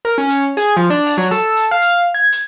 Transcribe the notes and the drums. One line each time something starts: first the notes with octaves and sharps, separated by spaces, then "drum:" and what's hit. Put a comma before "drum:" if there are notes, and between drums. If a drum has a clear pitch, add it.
A#4
C#4
drum: hi-hat
G#4, drum: hi-hat
F3
D4
drum: open hi-hat
F#3
A4, drum: hi-hat
drum: hi-hat
F5
drum: hi-hat
G#6
drum: hi-hat